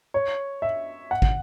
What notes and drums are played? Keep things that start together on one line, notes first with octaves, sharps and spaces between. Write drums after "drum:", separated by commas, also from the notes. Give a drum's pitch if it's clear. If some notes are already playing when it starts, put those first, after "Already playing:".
C#5
E5
F#5
drum: kick